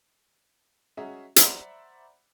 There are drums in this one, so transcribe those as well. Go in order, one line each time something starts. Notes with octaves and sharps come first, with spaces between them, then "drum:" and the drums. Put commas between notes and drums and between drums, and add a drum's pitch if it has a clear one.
C#4 F#4 G#4 D#5 E5 A#5
C5 D5 E5 F#5 A#5 B5, drum: hi-hat